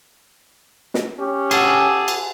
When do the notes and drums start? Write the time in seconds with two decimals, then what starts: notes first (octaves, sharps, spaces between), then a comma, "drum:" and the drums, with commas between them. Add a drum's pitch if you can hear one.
0.94 drum: snare
1.20 C#4 G4
1.51 G#4 A4 F#5 G#5, drum: cymbal
2.08 drum: cymbal